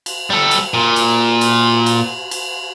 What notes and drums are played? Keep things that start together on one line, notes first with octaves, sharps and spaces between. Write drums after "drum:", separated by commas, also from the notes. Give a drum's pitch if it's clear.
drum: cymbal
G3 A4
drum: cymbal
A#2
drum: cymbal
drum: cymbal
drum: cymbal
drum: cymbal